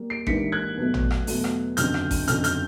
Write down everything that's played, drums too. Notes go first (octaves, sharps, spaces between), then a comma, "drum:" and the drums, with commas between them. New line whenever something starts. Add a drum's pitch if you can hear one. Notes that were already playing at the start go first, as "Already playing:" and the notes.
Already playing: G3 A#3
C7 D7
A#1 G#2 E3 G3 A#3 B6 C#7, drum: kick G#1
F#6 G#6
E2 B2 F#3 A3
drum: tom
drum: rim click
E2 B2 F#3 A3, drum: open hi-hat
drum: rim click
G1 F2 C#3 F#3 F6 G6, drum: hi-hat
drum: rim click
drum: kick G#1, open hi-hat
G1 F2 C#3 F#3 F6 G6, drum: hi-hat
F6 G6, drum: hi-hat